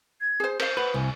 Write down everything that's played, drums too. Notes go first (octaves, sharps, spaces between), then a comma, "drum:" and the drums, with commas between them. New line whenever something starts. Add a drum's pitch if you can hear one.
G#6
G#4 C5
A#4 C5 F5, drum: cymbal
B4 F#5
C2 G#5